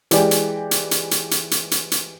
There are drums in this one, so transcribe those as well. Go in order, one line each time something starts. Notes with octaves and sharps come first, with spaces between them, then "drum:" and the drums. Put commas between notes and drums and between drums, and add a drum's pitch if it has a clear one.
E3 G#3 G4 D5, drum: hi-hat
drum: hi-hat
drum: hi-hat
drum: hi-hat
drum: hi-hat
drum: hi-hat
drum: hi-hat
drum: hi-hat
drum: hi-hat